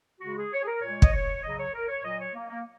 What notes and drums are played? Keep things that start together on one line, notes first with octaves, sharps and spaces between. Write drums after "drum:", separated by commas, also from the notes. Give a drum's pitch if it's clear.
C#3 G#3 F#4
G#4
C#5
G#4
A#4
A#2 G#3 C#5
D#5, drum: kick
C#5
C#3 F#3 D#5
C#5
A#4
C#5
A#2 F#3 D#5
C#5
A#3
A#3